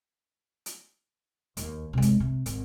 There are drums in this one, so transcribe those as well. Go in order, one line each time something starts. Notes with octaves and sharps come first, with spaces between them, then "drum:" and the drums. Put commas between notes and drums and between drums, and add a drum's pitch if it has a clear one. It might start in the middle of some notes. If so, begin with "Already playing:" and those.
drum: hi-hat
D#2, drum: hi-hat
C3 G#3
drum: kick, hi-hat
C3
G#1, drum: hi-hat